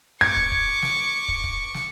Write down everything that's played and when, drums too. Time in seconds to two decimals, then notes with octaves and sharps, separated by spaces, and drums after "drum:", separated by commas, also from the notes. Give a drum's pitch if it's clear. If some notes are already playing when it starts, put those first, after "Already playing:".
0.21 C#6 D6 G#6
0.36 drum: kick
0.52 drum: kick
0.82 drum: snare
1.28 drum: kick
1.44 drum: kick
1.74 drum: snare